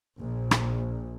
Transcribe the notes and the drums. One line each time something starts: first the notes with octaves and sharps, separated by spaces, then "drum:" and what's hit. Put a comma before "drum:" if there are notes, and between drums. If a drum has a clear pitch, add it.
A#1
drum: rim click